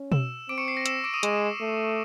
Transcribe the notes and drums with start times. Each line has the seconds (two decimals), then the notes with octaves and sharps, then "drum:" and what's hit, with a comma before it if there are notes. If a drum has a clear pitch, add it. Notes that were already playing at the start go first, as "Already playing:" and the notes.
Already playing: C#4
0.12 E6 E7, drum: tom B2
0.49 C4 D6 D7
0.58 C#6 C#7
0.68 C7
0.77 A#6
0.86 E6 E7, drum: hi-hat
1.04 D6 D7
1.14 D#6 D#7
1.23 G#3, drum: hi-hat
1.61 A3